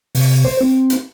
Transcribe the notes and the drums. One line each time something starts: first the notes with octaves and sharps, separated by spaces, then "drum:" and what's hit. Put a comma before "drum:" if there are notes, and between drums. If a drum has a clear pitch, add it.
C3, drum: open hi-hat
C5
C4
drum: hi-hat